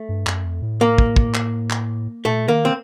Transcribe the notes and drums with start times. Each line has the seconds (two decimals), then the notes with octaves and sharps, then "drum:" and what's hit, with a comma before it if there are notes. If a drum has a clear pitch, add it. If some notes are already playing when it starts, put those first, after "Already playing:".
Already playing: A3
0.09 G2
0.27 F#2, drum: clap
0.45 F2
0.62 A2
0.81 A#3
0.98 drum: kick
1.16 drum: kick
1.34 drum: clap
1.70 drum: clap
2.25 A#2 A3
2.48 D#3 A#3
2.65 C4